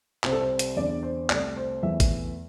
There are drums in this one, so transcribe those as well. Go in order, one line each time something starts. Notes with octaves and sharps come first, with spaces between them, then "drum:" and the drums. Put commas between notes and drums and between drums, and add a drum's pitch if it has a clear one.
C2 C3 G3 C4 C5, drum: clap
A4
C5
drum: hi-hat
E2 D3 C4 D5
C5
C2 C3 A3 D5, drum: clap
C5
E2 E3 A3 E5
drum: kick A1, hi-hat